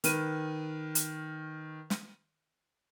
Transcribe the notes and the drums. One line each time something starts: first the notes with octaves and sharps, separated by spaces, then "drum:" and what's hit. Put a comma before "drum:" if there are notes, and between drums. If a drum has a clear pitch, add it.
D#3 B4 D#7, drum: hi-hat
drum: hi-hat
drum: snare